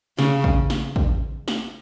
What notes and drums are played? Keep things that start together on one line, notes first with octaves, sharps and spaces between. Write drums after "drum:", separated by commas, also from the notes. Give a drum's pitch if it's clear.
C#3, drum: snare
drum: kick
drum: snare
drum: kick
drum: snare